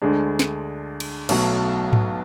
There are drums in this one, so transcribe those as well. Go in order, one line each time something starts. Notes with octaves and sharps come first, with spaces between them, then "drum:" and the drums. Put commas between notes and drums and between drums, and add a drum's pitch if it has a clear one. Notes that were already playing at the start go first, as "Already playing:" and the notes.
D2 D3 G#3 D4
drum: snare
drum: cymbal
B1 B2 F#3 A3, drum: cymbal
drum: tom G#2